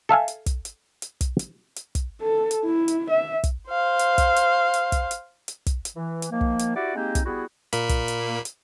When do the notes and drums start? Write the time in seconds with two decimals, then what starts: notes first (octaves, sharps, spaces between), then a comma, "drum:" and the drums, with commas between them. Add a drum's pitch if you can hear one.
0.09 A4 E5 F5 G#5
0.28 drum: hi-hat
0.46 drum: kick, hi-hat
0.65 drum: hi-hat
1.02 drum: hi-hat
1.21 drum: kick, hi-hat
1.39 drum: hi-hat
1.76 drum: hi-hat
1.95 drum: kick, hi-hat
2.21 A4
2.51 drum: hi-hat
2.65 E4
2.88 drum: hi-hat
3.10 E5
3.44 drum: kick, hi-hat
3.69 C5 F5
3.99 drum: hi-hat
4.18 drum: kick, hi-hat
4.36 drum: hi-hat
4.74 drum: hi-hat
4.92 drum: kick, hi-hat
5.11 drum: hi-hat
5.48 drum: hi-hat
5.66 drum: kick, hi-hat
5.85 drum: hi-hat
5.96 E3
6.22 drum: hi-hat
6.31 D#3 F3 A#3
6.41 drum: kick
6.59 drum: hi-hat
6.76 E4 F#4 G4 D5 F#5
6.96 G#3 A#3 C4 D#4 G4
7.15 drum: kick, hi-hat
7.25 G3 B3 E4 F#4 G#4
7.73 A#2 A#3 B5, drum: hi-hat
7.89 drum: kick, hi-hat
8.08 drum: hi-hat
8.45 drum: hi-hat